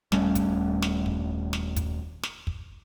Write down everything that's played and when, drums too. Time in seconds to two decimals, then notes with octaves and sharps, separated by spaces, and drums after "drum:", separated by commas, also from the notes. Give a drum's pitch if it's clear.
0.12 D#1 G3 A3 C#4, drum: snare
0.35 drum: kick, hi-hat
0.82 drum: snare
1.06 drum: kick
1.53 drum: snare
1.76 drum: kick, hi-hat
2.23 drum: snare
2.47 drum: kick